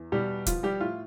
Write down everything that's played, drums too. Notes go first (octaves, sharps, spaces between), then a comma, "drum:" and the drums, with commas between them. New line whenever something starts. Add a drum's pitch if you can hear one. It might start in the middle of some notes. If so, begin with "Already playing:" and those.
Already playing: E2
B2 G3 G4
F3 F4, drum: kick, hi-hat
G3 G4
A2 F4